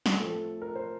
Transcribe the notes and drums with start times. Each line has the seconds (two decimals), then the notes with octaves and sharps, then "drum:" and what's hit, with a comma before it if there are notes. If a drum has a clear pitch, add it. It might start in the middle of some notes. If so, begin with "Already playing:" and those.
0.06 drum: snare
0.20 A2 F3 C4 A4
0.62 A#4
0.75 C5